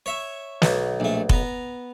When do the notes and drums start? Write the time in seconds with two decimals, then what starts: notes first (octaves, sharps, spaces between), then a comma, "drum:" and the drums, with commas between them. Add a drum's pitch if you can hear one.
0.06 C#5 E5
0.62 B1, drum: snare
1.00 A#1 A3
1.29 B3 A#5, drum: kick F1